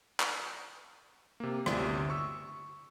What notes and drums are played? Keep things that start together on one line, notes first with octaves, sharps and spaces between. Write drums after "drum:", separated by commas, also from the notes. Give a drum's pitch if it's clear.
drum: clap
C3 A#3
G1 D2 C3 F4 D5 E5, drum: rim click
C#6 E6